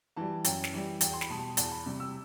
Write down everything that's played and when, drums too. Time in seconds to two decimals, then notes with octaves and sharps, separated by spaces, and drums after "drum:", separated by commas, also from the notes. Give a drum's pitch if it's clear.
0.16 E3 G3 A5
0.44 F#2 G5, drum: hi-hat
0.64 drum: snare
0.74 E3 G3
1.01 E2 G5, drum: hi-hat
1.13 C6
1.21 B5, drum: snare
1.30 B2 G3 A5
1.57 E2 A5, drum: hi-hat
1.72 B5
1.86 C3 G3
2.00 E6